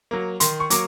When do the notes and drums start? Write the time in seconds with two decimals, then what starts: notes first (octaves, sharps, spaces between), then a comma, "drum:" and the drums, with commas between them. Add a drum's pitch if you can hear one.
0.11 F#3 A#3
0.40 D#3 C6, drum: hi-hat
0.60 C#6
0.70 F#3 A#3 D6, drum: hi-hat